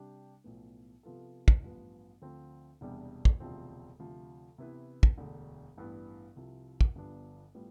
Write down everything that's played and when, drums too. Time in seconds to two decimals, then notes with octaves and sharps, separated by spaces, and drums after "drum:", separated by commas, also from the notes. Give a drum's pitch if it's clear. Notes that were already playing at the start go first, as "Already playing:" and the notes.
Already playing: C3 G3 D4 G4
0.44 B1 A2 F3 B3
1.03 C3 F3 B3 F4 A4
1.48 drum: kick
1.62 A1 G2 F3 B3
2.21 D2 D3 F3 C4
2.81 E1 E2 C3 G3 D4
3.25 drum: kick
3.40 E1 D2 C3 F3 C4
3.99 D2 C3 F3
4.58 C3 E3 B3 E4 B4
5.03 drum: kick
5.18 E1 D2 D3
5.77 A1 G2 E3 G3 B3
6.36 C2 C3 F3
6.81 drum: kick
6.95 G1 G2 F3 B3 D4
7.55 A2 G3 B3 F4